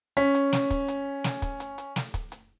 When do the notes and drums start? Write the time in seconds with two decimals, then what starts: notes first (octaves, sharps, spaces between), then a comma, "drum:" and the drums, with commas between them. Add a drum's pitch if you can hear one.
0.17 C#4 B6, drum: hi-hat
0.35 drum: hi-hat
0.53 drum: snare
0.70 drum: kick, hi-hat
0.88 drum: hi-hat
1.24 drum: snare
1.42 drum: kick, hi-hat
1.60 drum: hi-hat
1.78 drum: hi-hat
1.96 drum: snare
2.14 drum: kick, hi-hat
2.32 drum: hi-hat